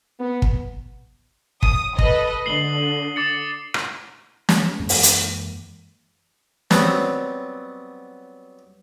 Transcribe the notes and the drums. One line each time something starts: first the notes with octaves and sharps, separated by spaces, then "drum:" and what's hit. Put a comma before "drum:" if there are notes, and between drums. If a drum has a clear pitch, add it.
B3
drum: kick
D#6 D#7, drum: kick
A4 B4 D#5 D#6, drum: kick
D3 C7 F#7 G7
D6 A6 C#7
drum: rim click
drum: snare
F#2 E3 G#3 A#3
drum: open hi-hat
drum: hi-hat
F#3 G3 B3 C4, drum: snare